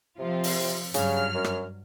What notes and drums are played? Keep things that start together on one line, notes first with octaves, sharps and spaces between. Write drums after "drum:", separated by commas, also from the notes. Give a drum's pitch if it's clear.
C3 F3 C4 F4
drum: open hi-hat
G2 C#3 F#3 F6, drum: hi-hat
F#2
drum: rim click